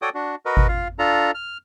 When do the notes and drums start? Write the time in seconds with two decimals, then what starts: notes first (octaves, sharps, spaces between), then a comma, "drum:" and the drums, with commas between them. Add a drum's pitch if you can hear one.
0.02 F#4 A4 C#5 D5 G5 D#6
0.14 D4 F#4
0.46 F#4 A#4 B4 D#5
0.57 drum: kick G#1
0.68 F4 F5
0.99 D4 F4 A4 A#5
1.34 F6